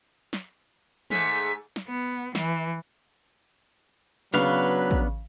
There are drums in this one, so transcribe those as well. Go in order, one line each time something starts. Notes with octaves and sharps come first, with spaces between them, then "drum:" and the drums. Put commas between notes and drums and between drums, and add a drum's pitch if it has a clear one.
drum: snare
G#2 A3 G#4 B6, drum: tom
drum: snare
B3
E3, drum: snare
C#3 F#3 B3 D4 B4 F5, drum: snare
drum: kick